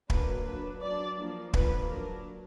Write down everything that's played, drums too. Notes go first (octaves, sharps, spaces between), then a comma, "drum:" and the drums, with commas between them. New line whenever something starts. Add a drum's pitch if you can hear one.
F#3 A#3 D4 B4, drum: kick
F#3 D4 B4
F#3 D4 D5
F3 A#3 D4
D3 F3 A#3 D4 B4, drum: kick
F#3 D4 A#4